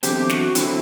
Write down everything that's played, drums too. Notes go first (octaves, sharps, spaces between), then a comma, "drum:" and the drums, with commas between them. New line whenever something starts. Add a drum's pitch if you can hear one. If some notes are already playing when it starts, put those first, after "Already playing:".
E2 D3 F#3 C4 G4, drum: hi-hat
F#4, drum: snare
D3 F#3 C4 E4, drum: hi-hat